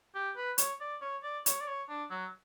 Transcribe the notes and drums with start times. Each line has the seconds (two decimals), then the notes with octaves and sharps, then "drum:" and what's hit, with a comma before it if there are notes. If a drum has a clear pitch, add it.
0.15 G4
0.37 B4
0.58 C#5, drum: hi-hat
0.81 D5
1.02 C#5
1.23 D5
1.46 C#5, drum: hi-hat
1.61 D5
1.68 C#5
1.89 D4
2.11 F#3